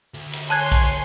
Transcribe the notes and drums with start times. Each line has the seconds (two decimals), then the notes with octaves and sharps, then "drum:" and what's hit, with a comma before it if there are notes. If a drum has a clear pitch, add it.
0.14 D2
0.33 drum: cymbal
0.50 C#5 G#5 A5 C6 F#6 G#6
0.72 drum: kick A#1, cymbal